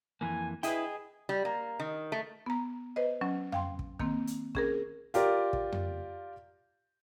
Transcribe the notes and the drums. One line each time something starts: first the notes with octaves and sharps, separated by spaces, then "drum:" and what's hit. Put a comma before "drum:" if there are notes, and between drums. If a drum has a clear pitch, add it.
F2 E3 A#3 G#5
E4 G#4 B4 D#5 G5, drum: hi-hat
G3
A#3
D#3
A3
B3 A#5
B4 C5 D#5
F#3 C#4
F5 G5 C6, drum: tom F2
drum: kick
D#3 A#3 C4, drum: kick
drum: hi-hat
C#4 G#4 A#4, drum: kick
F4 G4 A#4 D5, drum: hi-hat
drum: kick
drum: tom F2